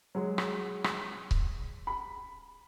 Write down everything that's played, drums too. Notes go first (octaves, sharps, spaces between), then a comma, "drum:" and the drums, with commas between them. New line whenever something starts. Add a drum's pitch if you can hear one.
F#3 G#3
drum: rim click
drum: rim click
drum: kick C#1
B5